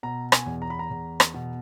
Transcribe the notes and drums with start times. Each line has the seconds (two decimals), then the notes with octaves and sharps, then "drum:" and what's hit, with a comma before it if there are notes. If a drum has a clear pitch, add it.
0.03 B2 A#5
0.32 G#5, drum: rim click
0.46 E2
0.62 A#5
0.70 B5
0.79 A#5
0.91 E2
1.20 drum: rim click
1.34 B2